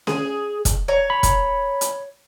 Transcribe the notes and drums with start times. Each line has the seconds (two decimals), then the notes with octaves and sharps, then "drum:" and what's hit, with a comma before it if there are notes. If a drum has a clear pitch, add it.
0.07 G#4, drum: snare C#4
0.65 drum: kick, hi-hat
0.88 C#5 A#5
1.10 B5
1.23 drum: kick, hi-hat
1.81 drum: hi-hat